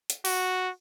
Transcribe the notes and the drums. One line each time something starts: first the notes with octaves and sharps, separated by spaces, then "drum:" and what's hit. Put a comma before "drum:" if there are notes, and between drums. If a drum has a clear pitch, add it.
drum: hi-hat
F#4, drum: open hi-hat